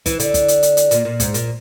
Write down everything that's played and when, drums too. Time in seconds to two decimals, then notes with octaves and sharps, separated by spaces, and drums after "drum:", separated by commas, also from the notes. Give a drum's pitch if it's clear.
0.06 E3, drum: kick, hi-hat
0.20 D3, drum: hi-hat
0.34 drum: kick, hi-hat
0.48 drum: hi-hat
0.63 drum: hi-hat
0.77 drum: hi-hat
0.91 A#2, drum: hi-hat
1.05 A#2
1.20 G#2, drum: kick, hi-hat
1.34 A#2, drum: hi-hat